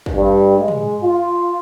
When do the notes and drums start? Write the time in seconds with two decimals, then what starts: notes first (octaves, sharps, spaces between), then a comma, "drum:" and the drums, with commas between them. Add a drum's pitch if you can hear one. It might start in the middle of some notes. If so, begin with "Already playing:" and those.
0.06 drum: kick
0.15 G2
0.58 G#3
0.68 drum: tom
1.03 F4